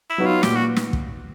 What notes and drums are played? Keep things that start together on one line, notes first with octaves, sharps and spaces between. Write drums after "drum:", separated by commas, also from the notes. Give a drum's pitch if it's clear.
E4
F#3 B3 D#4 F#4
F4
A#2 G4, drum: snare
F#4
drum: snare
drum: kick